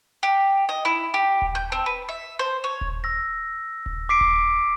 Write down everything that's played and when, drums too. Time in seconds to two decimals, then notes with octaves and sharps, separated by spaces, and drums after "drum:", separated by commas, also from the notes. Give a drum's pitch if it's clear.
0.23 G4
0.69 D#5
0.85 E4
1.14 G4
1.42 drum: kick D#1
1.55 G6
1.72 C4
1.86 B4
2.09 E5
2.39 C5
2.64 C#5
2.81 drum: kick D#1
3.04 E6 A#6
3.86 drum: kick D#1
4.09 D6 B6 C7 D7
4.21 drum: kick D#1